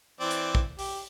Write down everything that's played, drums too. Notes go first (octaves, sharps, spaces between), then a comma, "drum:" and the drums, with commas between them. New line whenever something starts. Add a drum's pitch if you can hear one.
E3 C4 D5
drum: hi-hat
drum: kick
G4, drum: open hi-hat